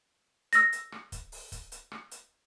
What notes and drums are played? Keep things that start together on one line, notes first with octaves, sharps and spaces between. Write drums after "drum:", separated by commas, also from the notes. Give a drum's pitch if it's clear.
E6 A#6, drum: hi-hat
drum: hi-hat
drum: rim click
drum: kick, hi-hat
drum: open hi-hat
drum: kick, hi-hat
drum: hi-hat
drum: rim click
drum: hi-hat